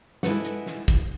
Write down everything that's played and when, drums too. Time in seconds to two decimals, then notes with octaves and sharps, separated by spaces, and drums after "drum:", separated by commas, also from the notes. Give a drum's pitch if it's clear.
0.23 G#3 E4 A4 B4 F#5, drum: snare
0.45 drum: hi-hat
0.66 drum: snare
0.88 drum: kick, hi-hat